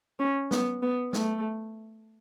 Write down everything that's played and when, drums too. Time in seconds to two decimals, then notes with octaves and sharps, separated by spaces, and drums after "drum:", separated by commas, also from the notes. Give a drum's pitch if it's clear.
0.19 C#4
0.51 B3, drum: snare
0.82 B3
1.13 A3, drum: snare